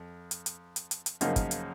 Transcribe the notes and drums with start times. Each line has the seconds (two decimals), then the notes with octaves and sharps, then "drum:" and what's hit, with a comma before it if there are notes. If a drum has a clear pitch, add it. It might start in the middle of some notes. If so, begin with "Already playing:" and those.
Already playing: F2
0.31 drum: hi-hat
0.46 drum: hi-hat
0.76 drum: hi-hat
0.91 drum: hi-hat
1.06 drum: hi-hat
1.21 F#2 C#3 F3 A#3 D#4, drum: hi-hat
1.36 drum: kick, hi-hat
1.51 drum: hi-hat